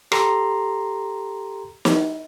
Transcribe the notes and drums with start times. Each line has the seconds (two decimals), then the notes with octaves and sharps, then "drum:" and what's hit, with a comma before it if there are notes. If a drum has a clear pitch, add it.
0.12 G4 A4 A#5 C6, drum: rim click
1.85 drum: snare